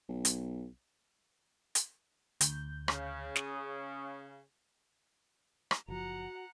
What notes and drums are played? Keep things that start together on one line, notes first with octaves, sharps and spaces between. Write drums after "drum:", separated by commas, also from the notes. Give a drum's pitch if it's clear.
B1
drum: hi-hat
drum: hi-hat
D2 G6, drum: hi-hat
C#3, drum: rim click
D#6, drum: snare
drum: rim click
F#1 F3 F#4 F#5 A#5